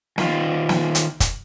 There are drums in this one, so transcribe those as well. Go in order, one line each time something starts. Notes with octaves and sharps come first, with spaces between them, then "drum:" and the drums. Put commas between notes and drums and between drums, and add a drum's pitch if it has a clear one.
D#3 F4, drum: snare
drum: snare
drum: hi-hat
drum: kick, hi-hat